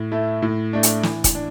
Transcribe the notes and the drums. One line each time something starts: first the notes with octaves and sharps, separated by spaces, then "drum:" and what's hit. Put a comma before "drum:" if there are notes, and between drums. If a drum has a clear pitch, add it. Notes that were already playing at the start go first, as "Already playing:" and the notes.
Already playing: A2
A3 E4
A2
A3 D4
drum: hi-hat
E3, drum: snare
drum: kick, hi-hat
D4